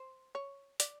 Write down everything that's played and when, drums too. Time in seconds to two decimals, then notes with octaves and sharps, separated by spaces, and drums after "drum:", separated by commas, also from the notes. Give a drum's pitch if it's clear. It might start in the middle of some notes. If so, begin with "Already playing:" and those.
Already playing: C5
0.35 C#5
0.80 D5, drum: hi-hat